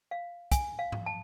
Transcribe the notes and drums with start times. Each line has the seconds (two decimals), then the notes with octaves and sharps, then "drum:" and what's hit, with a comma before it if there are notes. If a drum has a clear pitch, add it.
0.11 F5
0.52 G#5, drum: kick, hi-hat
0.79 F5
0.92 drum: tom G#2
1.06 A5